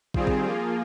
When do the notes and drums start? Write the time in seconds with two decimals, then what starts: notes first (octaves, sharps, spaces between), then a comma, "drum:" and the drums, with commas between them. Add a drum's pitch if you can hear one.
0.14 D#3 G3 C4 F4 G#4, drum: kick
0.27 drum: kick
0.45 F3 A#3 F4 G#4